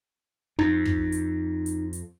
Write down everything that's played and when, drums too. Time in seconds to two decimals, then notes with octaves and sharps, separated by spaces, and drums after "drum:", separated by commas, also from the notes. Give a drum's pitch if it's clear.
0.59 F2 D#4
0.85 drum: kick
1.12 drum: hi-hat
1.66 drum: hi-hat
1.93 drum: hi-hat